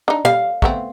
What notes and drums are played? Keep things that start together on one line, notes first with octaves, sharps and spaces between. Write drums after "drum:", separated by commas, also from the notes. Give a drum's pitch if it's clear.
D4 D#4
G3 F5
A3 B3 C4, drum: kick